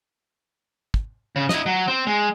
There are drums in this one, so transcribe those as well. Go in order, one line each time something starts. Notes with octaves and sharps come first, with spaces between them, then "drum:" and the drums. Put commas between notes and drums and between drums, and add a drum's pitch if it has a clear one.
drum: kick
C#3
E4 D#5, drum: snare
F#3
C4
G#3